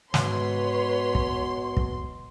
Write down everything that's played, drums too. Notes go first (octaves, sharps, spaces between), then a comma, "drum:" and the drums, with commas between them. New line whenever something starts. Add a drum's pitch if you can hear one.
G#2 B2 B4 C#5 C6, drum: snare
drum: kick
drum: kick